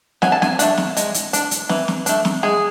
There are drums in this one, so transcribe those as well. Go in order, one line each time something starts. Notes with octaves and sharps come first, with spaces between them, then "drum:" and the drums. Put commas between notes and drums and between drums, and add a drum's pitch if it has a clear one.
F#3 G#5, drum: snare
A5
G#5, drum: snare
A3 D4, drum: hi-hat
drum: snare
G#3, drum: hi-hat
drum: hi-hat
D4, drum: hi-hat
drum: hi-hat
E3, drum: snare
drum: snare
A3 D4, drum: hi-hat
drum: snare
G#3 G#4